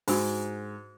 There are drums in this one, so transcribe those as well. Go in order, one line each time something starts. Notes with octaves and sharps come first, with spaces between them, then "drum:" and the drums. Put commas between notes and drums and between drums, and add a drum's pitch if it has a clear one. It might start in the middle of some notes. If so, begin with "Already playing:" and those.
G#2 D4 F#4, drum: open hi-hat